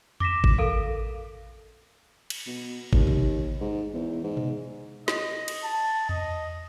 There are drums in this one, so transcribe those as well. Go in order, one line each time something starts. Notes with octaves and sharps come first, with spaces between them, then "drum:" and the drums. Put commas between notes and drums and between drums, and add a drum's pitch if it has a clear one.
D6 A#6 B6 E7, drum: tom E2
drum: kick G#1
A4 A#4 F5
drum: cymbal
B2
D#2, drum: kick G#1
drum: tom B2
G#2
E2
G#2
drum: tom B2
D#5, drum: snare
drum: cymbal
A5
D#5, drum: tom E2